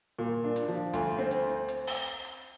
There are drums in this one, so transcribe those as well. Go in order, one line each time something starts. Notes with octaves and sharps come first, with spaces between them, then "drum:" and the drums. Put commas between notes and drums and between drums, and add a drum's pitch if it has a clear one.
A#2
D4
drum: hi-hat
F3
D2, drum: hi-hat
C4
drum: hi-hat
drum: hi-hat
drum: open hi-hat
drum: hi-hat